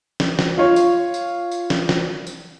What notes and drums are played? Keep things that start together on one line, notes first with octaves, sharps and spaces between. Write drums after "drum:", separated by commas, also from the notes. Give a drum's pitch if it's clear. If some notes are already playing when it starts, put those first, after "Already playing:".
drum: snare
drum: snare
F4 C#5
drum: tambourine
drum: tambourine
drum: tambourine
drum: snare
drum: snare
drum: tambourine